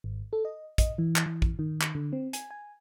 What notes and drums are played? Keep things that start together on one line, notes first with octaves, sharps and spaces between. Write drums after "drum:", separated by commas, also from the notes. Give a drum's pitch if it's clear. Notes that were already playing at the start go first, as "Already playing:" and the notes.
G#1
A4
D#5
D#5, drum: kick, hi-hat
E3
drum: clap
E3
drum: kick
D#3
drum: clap
D3
C4
G#5, drum: hi-hat
G#5